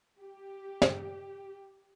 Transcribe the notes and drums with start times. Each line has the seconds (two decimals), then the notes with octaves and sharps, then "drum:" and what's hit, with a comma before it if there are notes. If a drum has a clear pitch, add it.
0.20 G4
0.82 drum: snare